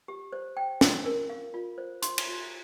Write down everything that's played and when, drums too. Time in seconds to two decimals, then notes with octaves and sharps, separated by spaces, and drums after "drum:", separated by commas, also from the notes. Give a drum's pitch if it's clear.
0.08 G4
0.33 C5
0.57 G5
0.81 F4, drum: snare
1.06 A#4
1.30 F5
1.54 F4
1.78 C5
2.02 C6, drum: hi-hat
2.18 drum: cymbal
2.27 F4